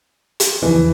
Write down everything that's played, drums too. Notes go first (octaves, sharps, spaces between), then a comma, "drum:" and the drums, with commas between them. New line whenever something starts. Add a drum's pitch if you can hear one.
drum: hi-hat
E2 C#3 E3 F3